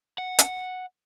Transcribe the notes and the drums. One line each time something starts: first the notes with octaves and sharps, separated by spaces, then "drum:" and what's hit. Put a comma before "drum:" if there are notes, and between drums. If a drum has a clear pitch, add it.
F#5
drum: hi-hat